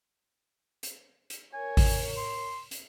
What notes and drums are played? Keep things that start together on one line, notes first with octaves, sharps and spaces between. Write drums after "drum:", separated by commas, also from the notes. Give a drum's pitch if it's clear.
drum: hi-hat
drum: hi-hat
A#4 C#5 G#5
drum: kick G#1, open hi-hat
C6
drum: hi-hat